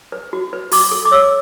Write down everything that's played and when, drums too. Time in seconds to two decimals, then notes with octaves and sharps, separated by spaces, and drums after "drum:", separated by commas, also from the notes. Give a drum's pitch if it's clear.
0.12 B4
0.33 F#4
0.53 B4
0.72 F#4 D6, drum: open hi-hat
0.91 A4
1.05 D6
1.11 C#5 E6